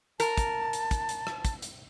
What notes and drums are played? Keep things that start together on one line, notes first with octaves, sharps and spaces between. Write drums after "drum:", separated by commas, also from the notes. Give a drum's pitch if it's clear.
A#4 A5, drum: hi-hat
drum: kick, hi-hat
drum: hi-hat
drum: kick, hi-hat
drum: hi-hat
drum: rim click
drum: kick, hi-hat
drum: hi-hat